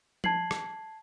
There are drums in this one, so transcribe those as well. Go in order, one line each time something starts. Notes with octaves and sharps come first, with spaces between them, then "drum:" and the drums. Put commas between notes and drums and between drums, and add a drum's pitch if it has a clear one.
A5 G#6 C7 F#7, drum: tom F3
drum: rim click